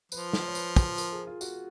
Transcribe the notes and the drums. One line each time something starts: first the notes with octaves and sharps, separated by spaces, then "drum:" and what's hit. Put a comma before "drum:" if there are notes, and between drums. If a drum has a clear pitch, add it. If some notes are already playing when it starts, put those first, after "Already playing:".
F3 B4, drum: tambourine
drum: snare
C#5
B4, drum: tambourine
drum: kick, tambourine
A#4, drum: tambourine
G#4
F4
F#4, drum: tambourine